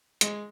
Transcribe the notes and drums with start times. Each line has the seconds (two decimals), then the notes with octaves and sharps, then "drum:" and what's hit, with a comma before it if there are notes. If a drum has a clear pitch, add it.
0.21 G#3, drum: hi-hat